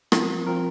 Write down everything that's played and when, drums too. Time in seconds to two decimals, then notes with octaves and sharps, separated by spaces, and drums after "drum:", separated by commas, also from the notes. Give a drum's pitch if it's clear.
0.12 F3 C4 F4 A#4, drum: rim click
0.47 F3 C4 F4 A#4